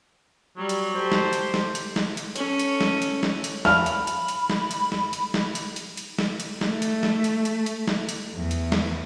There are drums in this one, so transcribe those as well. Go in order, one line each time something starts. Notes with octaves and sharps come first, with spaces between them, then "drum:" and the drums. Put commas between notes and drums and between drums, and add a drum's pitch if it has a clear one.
F#3 G3
drum: hi-hat
G4 A4 C5
drum: snare
drum: hi-hat
drum: snare
drum: hi-hat
drum: snare
drum: hi-hat
C#4 A4, drum: hi-hat
drum: hi-hat
drum: snare
drum: hi-hat
drum: snare
drum: hi-hat
B5 F6, drum: snare
drum: hi-hat
drum: hi-hat
drum: hi-hat
drum: snare
drum: hi-hat
drum: snare
drum: hi-hat
drum: snare
drum: hi-hat
drum: hi-hat
drum: hi-hat
drum: snare
drum: hi-hat
A3, drum: snare
drum: hi-hat
drum: snare
drum: hi-hat
drum: hi-hat
drum: hi-hat
drum: snare
drum: hi-hat
E2
drum: hi-hat
drum: snare